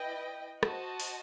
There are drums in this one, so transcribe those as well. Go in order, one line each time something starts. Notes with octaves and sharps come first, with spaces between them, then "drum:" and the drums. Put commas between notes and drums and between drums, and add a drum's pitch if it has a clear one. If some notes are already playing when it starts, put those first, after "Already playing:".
Already playing: E4 B4 D#5 G5
F#4 C5 D#5 A5, drum: rim click
drum: open hi-hat